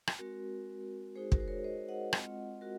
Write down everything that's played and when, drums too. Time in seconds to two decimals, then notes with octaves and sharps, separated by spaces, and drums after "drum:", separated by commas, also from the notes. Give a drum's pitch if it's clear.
0.07 drum: rim click
0.19 G#3 C4 F#4 A#4
1.16 G#3 D#4 F#4 G#4 C5
1.32 F#4 A#4, drum: kick
1.40 C5
1.48 A#4 C#5
1.64 C5 D#5
1.88 D#5 F#5
2.13 G#3 C4 F4, drum: rim click
2.61 F#4 A#4